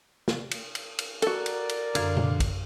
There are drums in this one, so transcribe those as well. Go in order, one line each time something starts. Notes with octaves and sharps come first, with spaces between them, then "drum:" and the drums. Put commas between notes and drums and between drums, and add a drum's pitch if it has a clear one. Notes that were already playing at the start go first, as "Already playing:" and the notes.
drum: snare
drum: cymbal
drum: cymbal
drum: cymbal
F#4 A4 A#4 D5, drum: cymbal
drum: cymbal
drum: cymbal
F#2 D3 F5 G#6, drum: cymbal
drum: tom A#2
drum: kick, cymbal